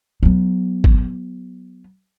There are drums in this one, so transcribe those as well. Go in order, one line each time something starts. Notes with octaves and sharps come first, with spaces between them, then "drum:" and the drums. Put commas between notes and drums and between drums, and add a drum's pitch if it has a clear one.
F#3 B3
drum: kick G#1